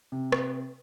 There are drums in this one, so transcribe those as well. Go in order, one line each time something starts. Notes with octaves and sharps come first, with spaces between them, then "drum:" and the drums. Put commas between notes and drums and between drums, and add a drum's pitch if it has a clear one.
C3
drum: rim click